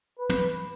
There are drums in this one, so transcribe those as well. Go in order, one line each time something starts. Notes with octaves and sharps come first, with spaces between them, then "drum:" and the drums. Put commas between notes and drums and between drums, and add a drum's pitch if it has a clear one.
B4
drum: tom